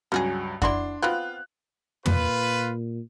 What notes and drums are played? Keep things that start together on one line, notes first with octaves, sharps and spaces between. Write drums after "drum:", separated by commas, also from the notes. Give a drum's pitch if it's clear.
C#2 G2 F#3 C#4 F#4 G#4
D4 E4 F#4 C6, drum: kick F2
B3 C4 F4 F#6
A#2 F4 B4, drum: tom